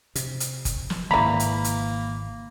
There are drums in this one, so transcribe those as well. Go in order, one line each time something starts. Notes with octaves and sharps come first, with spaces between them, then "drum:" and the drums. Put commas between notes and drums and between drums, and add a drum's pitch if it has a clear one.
C3, drum: hi-hat
drum: hi-hat
drum: kick F#1, hi-hat
drum: snare
G#1 C#3 E3 A#3 A#5 B5
drum: hi-hat
drum: hi-hat